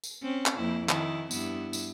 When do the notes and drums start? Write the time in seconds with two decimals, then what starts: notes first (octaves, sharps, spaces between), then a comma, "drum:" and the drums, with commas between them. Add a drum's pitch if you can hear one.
0.04 drum: tambourine
0.23 C4 C#4
0.46 drum: clap
0.56 F2 A#3 E4
0.89 D#3 E4, drum: clap
1.31 G2 B3 E4, drum: tambourine
1.73 drum: tambourine